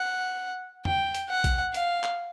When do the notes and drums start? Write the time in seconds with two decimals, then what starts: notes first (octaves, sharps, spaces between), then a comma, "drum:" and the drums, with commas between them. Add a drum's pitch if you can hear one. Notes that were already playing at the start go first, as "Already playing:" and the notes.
Already playing: F#5
0.85 G5, drum: tom E2
1.15 drum: hi-hat
1.29 F#5
1.44 drum: kick, hi-hat
1.74 F5, drum: hi-hat
2.03 drum: clap